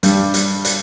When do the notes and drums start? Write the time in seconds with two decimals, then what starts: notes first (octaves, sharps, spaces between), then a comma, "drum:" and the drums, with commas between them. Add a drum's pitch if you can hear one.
0.03 G2 G3, drum: hi-hat
0.34 drum: hi-hat
0.65 drum: hi-hat